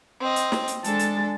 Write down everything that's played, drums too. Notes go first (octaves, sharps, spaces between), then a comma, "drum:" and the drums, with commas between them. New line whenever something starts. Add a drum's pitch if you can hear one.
C4 D#5
drum: hi-hat
drum: snare
drum: hi-hat
G#3 D4 A4 A5, drum: hi-hat
drum: hi-hat